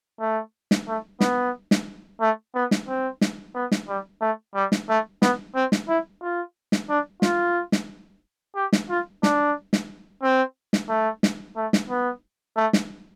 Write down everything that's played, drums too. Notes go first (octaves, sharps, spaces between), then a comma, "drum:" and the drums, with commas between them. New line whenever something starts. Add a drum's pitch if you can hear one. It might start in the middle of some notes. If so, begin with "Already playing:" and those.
A3
drum: snare
A3
B3, drum: snare
drum: snare
A3
B3
drum: snare
C4
drum: snare
B3
drum: snare
G3
A3
G3
drum: snare
A3
B3, drum: snare
C4
drum: snare
E4
F4
drum: snare
D4
F4, drum: snare
drum: snare
G4
drum: snare
F4
D4, drum: snare
drum: snare
C4
drum: snare
A3
drum: snare
A3
drum: snare
B3
A3
drum: snare